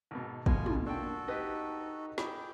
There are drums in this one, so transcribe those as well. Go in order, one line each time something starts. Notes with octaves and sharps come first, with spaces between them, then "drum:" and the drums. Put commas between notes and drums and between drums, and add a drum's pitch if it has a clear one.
G#1 B2
B2 A3 F4 G#5, drum: kick G#1
drum: tom
A#3 D4 F#4 A4 G5
D#4 G4 B4 D#5
G#4 G5 B5 D6, drum: snare